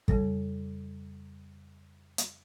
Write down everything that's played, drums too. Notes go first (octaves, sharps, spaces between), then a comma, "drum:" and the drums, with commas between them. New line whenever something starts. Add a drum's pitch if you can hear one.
F2 C#3 G3 A4, drum: kick
drum: hi-hat